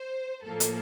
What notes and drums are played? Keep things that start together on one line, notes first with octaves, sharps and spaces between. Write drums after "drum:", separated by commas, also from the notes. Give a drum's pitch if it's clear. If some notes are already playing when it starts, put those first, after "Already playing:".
Already playing: C5
A2 F3 A#3 A4
drum: hi-hat